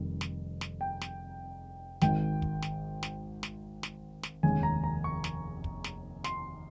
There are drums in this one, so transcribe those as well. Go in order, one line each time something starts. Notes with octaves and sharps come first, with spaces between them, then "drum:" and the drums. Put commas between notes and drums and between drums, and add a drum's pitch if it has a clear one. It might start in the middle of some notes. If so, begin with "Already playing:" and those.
Already playing: F1 F2 D#3 G3
drum: snare
drum: snare
G5
drum: snare
G#1 G#2 D#3 G5, drum: snare
drum: kick
drum: snare
drum: snare
drum: snare
drum: snare
drum: snare
F1 D#2 D#3 G#3 C#4 G#5
A#5
A#5
C#6
drum: snare
drum: kick
drum: snare
C6, drum: snare